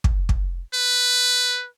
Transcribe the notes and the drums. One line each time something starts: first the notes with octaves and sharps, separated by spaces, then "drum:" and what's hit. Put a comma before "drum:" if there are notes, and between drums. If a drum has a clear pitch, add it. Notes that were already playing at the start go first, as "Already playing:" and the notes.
drum: kick
drum: kick
B4